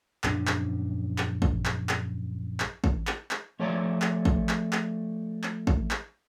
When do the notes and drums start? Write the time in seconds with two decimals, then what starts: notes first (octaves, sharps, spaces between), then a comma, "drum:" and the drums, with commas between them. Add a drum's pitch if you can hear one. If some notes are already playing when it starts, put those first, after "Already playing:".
0.24 A#1 F#2 C#3 D4, drum: clap
0.47 drum: clap
1.18 drum: clap
1.42 drum: kick
1.66 drum: clap
1.89 drum: clap
2.60 drum: clap
2.84 drum: kick
3.07 drum: clap
3.31 drum: clap
3.60 F3 A3 C#5 D5 A5 A#5
4.02 drum: clap
4.25 drum: kick
4.49 drum: clap
4.73 drum: clap
5.44 drum: clap
5.67 drum: kick
5.91 drum: clap